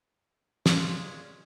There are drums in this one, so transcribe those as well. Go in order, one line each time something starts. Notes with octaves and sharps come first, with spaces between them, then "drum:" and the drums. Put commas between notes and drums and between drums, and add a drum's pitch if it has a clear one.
A#2 G#3 C#4 G#4 D#5, drum: snare